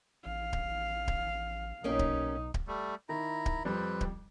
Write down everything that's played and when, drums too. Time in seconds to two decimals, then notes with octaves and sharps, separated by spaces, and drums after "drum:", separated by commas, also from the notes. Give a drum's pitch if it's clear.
0.26 A1 F5
0.53 drum: kick D1
1.08 drum: kick D1
1.84 B1 A#3 C#4 D#4 G4
1.99 drum: kick D1
2.54 drum: kick D1
2.67 G3 A3
3.09 D#3 E4 A#5
3.46 drum: kick D1
3.65 F2 G3 C4 B4
4.01 drum: kick D1